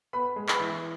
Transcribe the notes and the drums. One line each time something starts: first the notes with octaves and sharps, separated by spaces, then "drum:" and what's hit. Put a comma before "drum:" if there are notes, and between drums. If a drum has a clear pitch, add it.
B3 B4 B5
G#3
B4 B5, drum: clap
E3